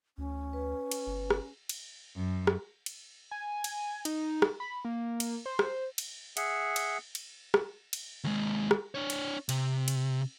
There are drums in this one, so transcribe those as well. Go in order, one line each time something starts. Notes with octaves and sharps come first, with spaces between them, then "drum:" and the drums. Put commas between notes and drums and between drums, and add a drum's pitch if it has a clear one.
D2 C#4
B4
drum: cymbal
G1
drum: rim click
drum: cymbal
F#2
drum: rim click
drum: cymbal
G#5
drum: cymbal
D#4, drum: cymbal
drum: rim click
B5
A#3
drum: cymbal
C5
drum: rim click
drum: cymbal
G#4 E5 F#5, drum: cymbal
drum: cymbal
drum: cymbal
drum: rim click
drum: cymbal
D#2 G#3
drum: rim click
D4 C#5
drum: cymbal
C3, drum: cymbal
drum: cymbal